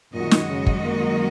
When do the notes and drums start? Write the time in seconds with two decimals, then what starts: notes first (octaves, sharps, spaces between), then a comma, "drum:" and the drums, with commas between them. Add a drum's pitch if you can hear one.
0.14 F#2 A#2 D#3 G#3 F#4 D#5
0.31 drum: snare
0.49 C#3
0.66 drum: kick
0.84 A#3